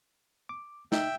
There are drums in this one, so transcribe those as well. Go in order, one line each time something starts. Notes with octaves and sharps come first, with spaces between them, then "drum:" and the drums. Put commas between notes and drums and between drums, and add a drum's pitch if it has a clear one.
D6
D#4 E5 G5, drum: snare